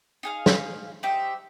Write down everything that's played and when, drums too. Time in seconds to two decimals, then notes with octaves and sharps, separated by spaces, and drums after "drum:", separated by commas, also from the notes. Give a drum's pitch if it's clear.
0.23 D#4 G#4 F5
0.46 drum: snare
1.03 D#4 G4 C5 E5